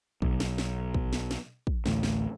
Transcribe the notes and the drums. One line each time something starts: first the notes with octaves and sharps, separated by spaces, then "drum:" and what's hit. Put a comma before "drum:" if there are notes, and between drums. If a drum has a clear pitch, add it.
B1, drum: kick
drum: snare
drum: snare
drum: kick
drum: snare
drum: snare
drum: kick
A1 D2 A2, drum: snare
drum: snare